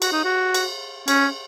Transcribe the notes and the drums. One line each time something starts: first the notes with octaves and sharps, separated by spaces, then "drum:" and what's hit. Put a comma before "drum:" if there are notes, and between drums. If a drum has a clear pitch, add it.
F#4, drum: cymbal
D#4
F#4
drum: cymbal
C#4, drum: cymbal